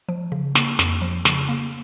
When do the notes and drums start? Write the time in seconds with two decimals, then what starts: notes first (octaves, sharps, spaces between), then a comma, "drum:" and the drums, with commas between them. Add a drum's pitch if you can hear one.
0.09 F3
0.32 C#3
0.55 A#3, drum: snare
0.79 F2, drum: snare
1.02 F3
1.25 C#3, drum: snare
1.49 A#3